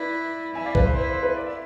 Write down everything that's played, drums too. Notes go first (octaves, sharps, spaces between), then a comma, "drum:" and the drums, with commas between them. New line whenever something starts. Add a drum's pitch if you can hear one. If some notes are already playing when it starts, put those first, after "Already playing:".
Already playing: E4 B4 D5
E4 E5 G#5
D5 F5
B4, drum: kick
C5
E4 C5
C5
B4
D5
E5